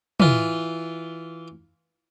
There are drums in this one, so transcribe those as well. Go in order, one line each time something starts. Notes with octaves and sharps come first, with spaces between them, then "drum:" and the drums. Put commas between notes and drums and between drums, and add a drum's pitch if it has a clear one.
E3 F4, drum: tom